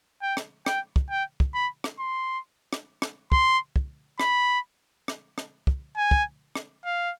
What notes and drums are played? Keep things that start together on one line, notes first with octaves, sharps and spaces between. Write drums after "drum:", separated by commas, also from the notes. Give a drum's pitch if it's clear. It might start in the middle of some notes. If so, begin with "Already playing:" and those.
G5
drum: rim click
G5, drum: rim click
drum: kick
G5
drum: kick
B5
drum: rim click
C6
drum: rim click
drum: rim click
C6, drum: kick
drum: kick
B5, drum: rim click
drum: rim click
drum: rim click
drum: kick
G#5
drum: kick
drum: rim click
F5